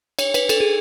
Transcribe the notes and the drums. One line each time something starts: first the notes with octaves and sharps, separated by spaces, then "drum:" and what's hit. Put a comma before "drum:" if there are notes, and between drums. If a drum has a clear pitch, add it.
C#5, drum: cymbal
B4, drum: cymbal
A4, drum: cymbal
G#4